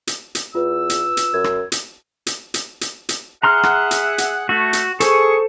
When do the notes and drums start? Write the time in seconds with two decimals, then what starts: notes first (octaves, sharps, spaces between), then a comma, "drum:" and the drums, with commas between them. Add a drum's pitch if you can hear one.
0.07 drum: hi-hat
0.35 drum: hi-hat
0.55 E2 F4 B4 E6
0.90 drum: hi-hat
1.17 drum: hi-hat
1.34 F#2 G#6
1.44 drum: rim click
1.72 drum: hi-hat
2.26 drum: hi-hat
2.54 drum: hi-hat
2.81 drum: hi-hat
3.09 drum: hi-hat
3.43 G#4 E5 F#5 A#5 C6 F6
3.63 drum: rim click
3.91 drum: hi-hat
4.18 drum: hi-hat
4.49 A3 F#4
4.73 drum: hi-hat
5.00 G#4 A4 C5 C#6, drum: hi-hat